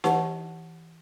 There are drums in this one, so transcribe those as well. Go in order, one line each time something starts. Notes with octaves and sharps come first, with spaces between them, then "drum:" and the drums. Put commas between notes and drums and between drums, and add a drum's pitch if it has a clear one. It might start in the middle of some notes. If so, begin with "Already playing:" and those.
E3 E4 G4 B4 F#5 A5, drum: snare D#4